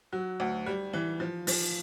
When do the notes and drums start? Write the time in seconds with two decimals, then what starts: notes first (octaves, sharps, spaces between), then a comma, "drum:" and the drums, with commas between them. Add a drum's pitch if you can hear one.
0.12 F#3
0.40 D2
0.66 G3
0.93 E3
1.20 F3
1.47 F3, drum: open hi-hat